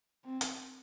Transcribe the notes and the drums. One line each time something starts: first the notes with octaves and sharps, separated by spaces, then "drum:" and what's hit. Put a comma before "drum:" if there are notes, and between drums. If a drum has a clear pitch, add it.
C4
drum: hi-hat